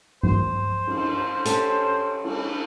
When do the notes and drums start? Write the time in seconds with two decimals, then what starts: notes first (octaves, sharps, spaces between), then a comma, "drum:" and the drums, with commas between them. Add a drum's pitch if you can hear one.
0.23 C5, drum: tom G2
0.87 drum: cymbal
1.45 C#4 G4 A4, drum: hi-hat
2.24 drum: cymbal